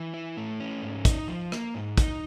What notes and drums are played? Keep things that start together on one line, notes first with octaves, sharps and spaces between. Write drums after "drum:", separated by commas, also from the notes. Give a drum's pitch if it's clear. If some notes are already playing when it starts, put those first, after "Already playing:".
Already playing: E3
E4
A3
C#4
G#2
D#4, drum: kick, hi-hat
F3
A#3, drum: rim click
G#2
D#4, drum: kick, hi-hat